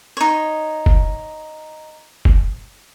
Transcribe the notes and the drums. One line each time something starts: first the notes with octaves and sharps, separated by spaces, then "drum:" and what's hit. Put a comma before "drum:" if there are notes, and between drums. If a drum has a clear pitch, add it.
D#4 C#5
drum: kick
drum: kick